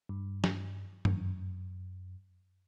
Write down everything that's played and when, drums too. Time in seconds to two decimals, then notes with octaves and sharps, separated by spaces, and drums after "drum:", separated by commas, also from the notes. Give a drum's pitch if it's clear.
0.09 G2
0.44 drum: snare
1.05 F#2, drum: tom G2